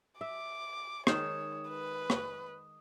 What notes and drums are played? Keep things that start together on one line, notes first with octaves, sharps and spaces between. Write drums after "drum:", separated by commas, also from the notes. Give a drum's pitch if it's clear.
E5 D6
D#3 G#3 C#5 D#6 E7, drum: rim click
B4
drum: rim click